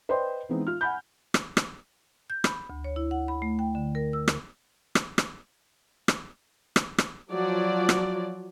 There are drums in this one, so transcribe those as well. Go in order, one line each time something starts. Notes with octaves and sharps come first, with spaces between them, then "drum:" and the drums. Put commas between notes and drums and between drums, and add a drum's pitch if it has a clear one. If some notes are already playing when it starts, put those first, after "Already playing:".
B4 C5 D5 D#5 G5 C6
E3 G#3 B3 C4 D#4
F4 F6
F#5 G#5 B5 G6
drum: rim click
drum: rim click
G6
B5, drum: rim click
D2
C#5
E4
F#5
B5
A3
G5
D3
A#4
E6
drum: rim click
drum: rim click
drum: rim click
drum: rim click
drum: rim click
drum: rim click
F3 F#3 D5
drum: rim click